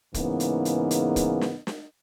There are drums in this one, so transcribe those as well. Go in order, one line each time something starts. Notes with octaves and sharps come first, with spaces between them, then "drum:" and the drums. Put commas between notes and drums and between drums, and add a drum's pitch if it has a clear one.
G#2 C#3 E3 A#3 B3 D#4, drum: kick, hi-hat
drum: hi-hat
drum: hi-hat
drum: hi-hat
drum: kick, hi-hat
drum: snare
drum: snare